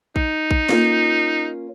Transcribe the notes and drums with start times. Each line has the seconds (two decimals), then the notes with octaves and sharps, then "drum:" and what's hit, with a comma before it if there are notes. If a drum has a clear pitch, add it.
0.16 D#4, drum: kick A#1
0.51 drum: kick A#1
0.69 A#3 C#4 F4, drum: snare